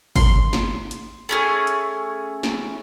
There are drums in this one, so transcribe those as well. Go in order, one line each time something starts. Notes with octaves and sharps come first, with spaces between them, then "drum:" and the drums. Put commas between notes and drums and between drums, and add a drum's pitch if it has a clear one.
C6, drum: kick G1, open hi-hat
drum: snare
drum: hi-hat
A3 C#4 G#4
drum: hi-hat
drum: snare